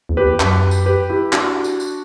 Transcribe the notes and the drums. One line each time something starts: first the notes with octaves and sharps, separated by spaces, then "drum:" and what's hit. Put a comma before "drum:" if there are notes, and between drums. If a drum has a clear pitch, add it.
E2
G4 B4
E2
F#2, drum: clap
drum: tambourine
G4 B4
E4 G4
D4 F#4, drum: clap
drum: tambourine
drum: tambourine